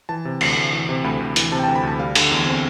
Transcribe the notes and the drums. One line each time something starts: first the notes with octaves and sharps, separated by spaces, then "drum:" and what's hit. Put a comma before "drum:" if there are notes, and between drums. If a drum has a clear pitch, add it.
E3 A5
C3
D2, drum: cymbal
D2
E3
C3
D2 B5
D2
E3, drum: hi-hat
C3 A5
G5
D2 A5
B5
D2 A5
G3 F5
D3, drum: cymbal
E2
C4